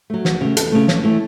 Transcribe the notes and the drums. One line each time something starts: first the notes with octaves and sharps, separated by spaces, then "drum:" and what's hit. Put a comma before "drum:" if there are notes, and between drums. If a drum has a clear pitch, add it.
F#3 A3
E2 F#4, drum: snare
C#3 A3
E2 A4, drum: hi-hat
C#3 A3
E2 C#5, drum: snare
E3 A3